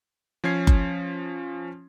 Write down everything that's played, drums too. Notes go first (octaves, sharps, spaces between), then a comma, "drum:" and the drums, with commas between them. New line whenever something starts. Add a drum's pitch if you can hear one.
F3 C#4 G#6 C7
drum: kick F#1